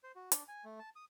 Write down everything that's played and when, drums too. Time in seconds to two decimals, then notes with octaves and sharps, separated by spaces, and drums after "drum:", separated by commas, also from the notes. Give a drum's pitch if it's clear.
0.04 C5
0.16 F#4
0.32 D4, drum: hi-hat
0.48 G#5
0.64 A3
0.80 A5
0.96 D#6